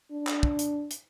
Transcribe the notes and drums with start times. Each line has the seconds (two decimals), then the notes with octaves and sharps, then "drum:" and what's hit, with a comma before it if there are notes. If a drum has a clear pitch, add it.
0.11 D4
0.27 drum: clap
0.43 drum: kick
0.59 drum: hi-hat
0.91 drum: hi-hat